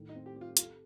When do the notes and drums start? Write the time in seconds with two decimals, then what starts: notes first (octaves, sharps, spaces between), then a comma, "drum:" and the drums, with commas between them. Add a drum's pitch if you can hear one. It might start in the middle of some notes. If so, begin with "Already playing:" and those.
Already playing: A2 D#3
0.09 D#4
0.15 C4
0.26 G4
0.36 G4
0.41 F4
0.57 F4 A4, drum: hi-hat